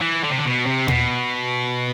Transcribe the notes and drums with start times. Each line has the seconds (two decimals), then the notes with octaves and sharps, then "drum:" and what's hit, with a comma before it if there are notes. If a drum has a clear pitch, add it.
0.01 E3
0.24 D3
0.30 C3
0.38 D3
0.45 B2
0.66 C3
0.88 B2, drum: tom A#2